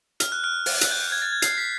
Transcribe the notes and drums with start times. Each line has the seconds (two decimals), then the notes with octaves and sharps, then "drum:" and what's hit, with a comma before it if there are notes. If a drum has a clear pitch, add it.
0.20 F6, drum: hi-hat
0.32 F#6
0.44 F6
0.66 drum: open hi-hat
0.81 F#6, drum: hi-hat
0.91 G6
1.02 G6
1.12 G#6
1.22 A6
1.32 G#6
1.42 C7, drum: hi-hat
1.58 B6